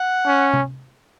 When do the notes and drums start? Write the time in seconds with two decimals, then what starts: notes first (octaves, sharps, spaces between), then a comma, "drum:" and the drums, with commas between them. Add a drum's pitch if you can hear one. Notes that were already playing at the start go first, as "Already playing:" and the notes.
Already playing: F#5
0.26 C#4
0.53 drum: tom C3